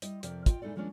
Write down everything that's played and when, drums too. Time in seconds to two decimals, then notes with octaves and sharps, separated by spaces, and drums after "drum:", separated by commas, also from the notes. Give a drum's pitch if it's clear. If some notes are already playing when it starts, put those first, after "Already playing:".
0.02 G3 E4 D#5, drum: hi-hat
0.23 F2 C3 F3 A#4 D5, drum: hi-hat
0.46 F4 D#5 G5, drum: kick, hi-hat
0.62 A#2 G#3 D#4 E4 A4 D5
0.76 D#2 F3 G#3 A#3 C#4 D4